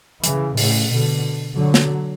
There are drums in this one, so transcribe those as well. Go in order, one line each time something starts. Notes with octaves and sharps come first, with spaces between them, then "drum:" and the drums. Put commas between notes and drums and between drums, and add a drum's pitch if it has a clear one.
C#3 E3, drum: hi-hat
A2 C#3, drum: open hi-hat
B2 D3
D3 F#3
drum: snare